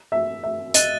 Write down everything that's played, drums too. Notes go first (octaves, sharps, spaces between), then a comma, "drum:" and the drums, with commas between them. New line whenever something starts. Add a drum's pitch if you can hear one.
E5
E5
D#5 F#6 A6 D#7 G7, drum: hi-hat